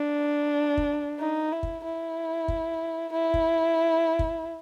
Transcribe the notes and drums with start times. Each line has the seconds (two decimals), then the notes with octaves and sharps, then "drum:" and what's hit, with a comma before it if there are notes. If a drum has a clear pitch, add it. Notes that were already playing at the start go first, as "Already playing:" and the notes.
Already playing: D4
0.77 drum: kick
1.20 D#4
1.52 E4
1.63 drum: kick
1.84 E4
2.48 drum: kick
3.13 E4
3.34 drum: kick
4.19 drum: kick